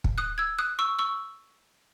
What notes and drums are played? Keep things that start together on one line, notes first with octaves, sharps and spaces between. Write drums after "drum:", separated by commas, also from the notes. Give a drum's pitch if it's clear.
drum: kick
D#6 F#6
E6 G#6
D#6 F#6
C#6 E6
C#6 E6